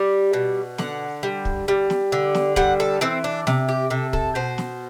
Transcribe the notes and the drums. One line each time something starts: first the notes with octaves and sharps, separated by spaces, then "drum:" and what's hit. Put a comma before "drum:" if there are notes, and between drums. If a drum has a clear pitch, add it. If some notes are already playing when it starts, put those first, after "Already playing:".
Already playing: G3
B2
D3 F#5, drum: snare
G3
drum: kick
G3
drum: snare
D3
drum: snare
G3 F#5, drum: kick
A4
E3 C4
D4
C3, drum: snare
G4
C3 A4
A4, drum: kick
B2 C5
drum: snare